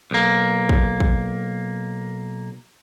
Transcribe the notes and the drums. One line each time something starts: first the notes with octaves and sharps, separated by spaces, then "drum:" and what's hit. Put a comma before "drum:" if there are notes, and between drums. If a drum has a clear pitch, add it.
B1 A#3
drum: kick
drum: kick